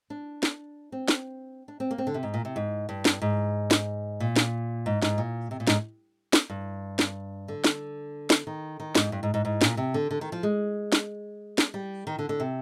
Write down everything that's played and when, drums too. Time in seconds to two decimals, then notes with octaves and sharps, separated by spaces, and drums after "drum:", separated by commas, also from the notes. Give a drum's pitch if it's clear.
0.10 D4
0.43 drum: snare
0.92 C4
1.08 drum: snare
1.68 D4
1.80 C4
1.91 A#3
1.98 C4
2.07 D3
2.14 C3
2.23 G#2
2.34 A#2
2.45 C3
2.56 G#2
2.89 G2
3.05 drum: snare
3.22 G#2
3.71 drum: snare
4.20 A#2
4.36 drum: snare
4.86 G#2
5.02 G#2, drum: snare
5.18 A#2
5.51 C3
5.60 A#2
5.67 G#2, drum: snare
6.33 drum: snare
6.50 G2
6.99 drum: snare
7.48 D3
7.64 drum: snare
8.30 drum: snare
8.47 D#3
8.80 D#3
8.95 G#2, drum: snare
9.12 G2
9.23 G#2
9.34 G#2
9.45 G#2
9.61 A#2, drum: snare
9.77 C3
9.94 D3
10.11 D3
10.21 D#3
10.32 F3
10.43 G#3
10.92 drum: snare
11.58 drum: snare
11.74 G3
12.07 D#3
12.19 D3
12.29 D3
12.40 C3